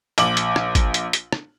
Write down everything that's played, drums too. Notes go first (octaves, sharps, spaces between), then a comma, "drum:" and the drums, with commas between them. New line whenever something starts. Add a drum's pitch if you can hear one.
A#1 D6 F#7, drum: hi-hat
drum: hi-hat
drum: rim click
drum: kick, hi-hat
drum: hi-hat
drum: hi-hat
drum: rim click